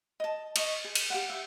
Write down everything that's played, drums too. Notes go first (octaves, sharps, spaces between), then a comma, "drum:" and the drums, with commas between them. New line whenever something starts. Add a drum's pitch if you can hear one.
D#5 A5
D#5 C#6 D#6, drum: cymbal
G#4
drum: cymbal
G4 F5 F#5
E5 G5